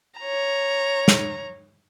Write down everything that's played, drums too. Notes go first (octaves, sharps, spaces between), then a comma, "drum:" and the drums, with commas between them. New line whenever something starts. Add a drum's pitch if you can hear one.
C#5 A#5
drum: snare